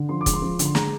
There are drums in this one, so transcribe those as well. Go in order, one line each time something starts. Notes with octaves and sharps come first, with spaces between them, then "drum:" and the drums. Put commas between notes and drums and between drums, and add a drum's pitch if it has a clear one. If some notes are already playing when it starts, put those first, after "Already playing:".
Already playing: D3
F3 C6
D6
G#3, drum: kick, hi-hat
C6
F3
D3, drum: hi-hat
C6
G#3 A#5, drum: snare